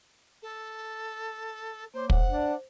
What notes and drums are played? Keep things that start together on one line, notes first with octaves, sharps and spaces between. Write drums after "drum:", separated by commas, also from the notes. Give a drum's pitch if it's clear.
A4
A#3 C5 C#5 D6
C5 F#5, drum: kick
D4